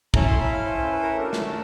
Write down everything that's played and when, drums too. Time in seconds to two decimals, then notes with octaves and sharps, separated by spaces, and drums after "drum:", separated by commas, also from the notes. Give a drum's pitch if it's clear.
0.14 C#4 E4 A4 A#5, drum: kick
0.27 C6
0.40 B5
0.52 F5
0.66 C5
0.77 C5
0.91 B4
1.03 A#4
1.15 A3 D4 F#4 A4
1.33 drum: snare